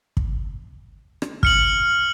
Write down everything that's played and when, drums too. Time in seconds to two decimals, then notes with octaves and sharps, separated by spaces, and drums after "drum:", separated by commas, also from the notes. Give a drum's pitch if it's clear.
0.17 drum: kick
1.22 drum: rim click
1.43 F6 C#7 F#7, drum: kick